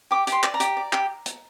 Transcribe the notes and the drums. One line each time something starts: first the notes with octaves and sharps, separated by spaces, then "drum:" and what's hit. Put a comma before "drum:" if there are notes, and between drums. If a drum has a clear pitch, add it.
G4 D6
G4, drum: hi-hat
C6
D5, drum: clap
A#5
G4, drum: hi-hat
D5
G4, drum: clap
drum: hi-hat